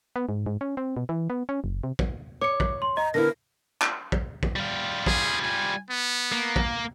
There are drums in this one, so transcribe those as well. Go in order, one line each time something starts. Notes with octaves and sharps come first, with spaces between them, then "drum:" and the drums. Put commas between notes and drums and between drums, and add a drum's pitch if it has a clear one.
B3
G#2
G#2
C#4
C4
B2
E3
B3
C#4
F#1
C3
drum: kick
C#5 D6 C#7
drum: kick
C6
D#5 A#5
D3 B3 E4 A#4 A#6
drum: clap
drum: kick
drum: kick
G3 F4
G#4, drum: kick
G#5
B3
A#3
drum: kick